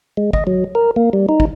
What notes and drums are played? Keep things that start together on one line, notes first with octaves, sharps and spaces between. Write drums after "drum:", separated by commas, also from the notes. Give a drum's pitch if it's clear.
G#3
D#5, drum: kick
F#3
A#4
A#3
G3
D#4
drum: kick